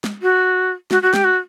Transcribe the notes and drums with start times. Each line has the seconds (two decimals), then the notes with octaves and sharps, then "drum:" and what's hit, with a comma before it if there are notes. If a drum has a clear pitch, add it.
0.04 drum: snare
0.22 F#4
0.91 F#4, drum: snare
1.02 F#4
1.14 G4, drum: snare
1.24 F#4